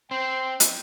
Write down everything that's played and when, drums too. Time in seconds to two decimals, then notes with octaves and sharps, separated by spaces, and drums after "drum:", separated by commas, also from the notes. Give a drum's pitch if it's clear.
0.11 C4 G5 C6
0.60 drum: hi-hat